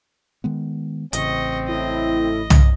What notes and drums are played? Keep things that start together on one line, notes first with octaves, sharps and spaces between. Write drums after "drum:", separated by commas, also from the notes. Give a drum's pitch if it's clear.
D#3 G#3 B3
A1 C#3 C4 D#5 C#6, drum: hi-hat
A2 E4 D#5
drum: tom